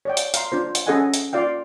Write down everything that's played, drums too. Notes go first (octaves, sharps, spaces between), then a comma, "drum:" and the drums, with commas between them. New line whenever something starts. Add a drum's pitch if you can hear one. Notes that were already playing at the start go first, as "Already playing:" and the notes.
C#5 D5 G5
drum: hi-hat
F5 A#5 C6, drum: hi-hat
D4 F4 C5
drum: hi-hat
C#4 G#4 A4 D#5 F#5 G#5
drum: hi-hat
F4 D5 F5 G5